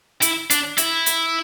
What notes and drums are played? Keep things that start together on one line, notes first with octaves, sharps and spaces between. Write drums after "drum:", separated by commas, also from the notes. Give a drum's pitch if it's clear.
E4, drum: hi-hat
D4, drum: hi-hat
E4, drum: hi-hat
drum: hi-hat